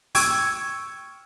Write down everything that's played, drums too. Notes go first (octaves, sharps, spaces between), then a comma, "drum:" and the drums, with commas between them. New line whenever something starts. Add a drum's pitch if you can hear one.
G5 C#6 E6 G#6 D7, drum: open hi-hat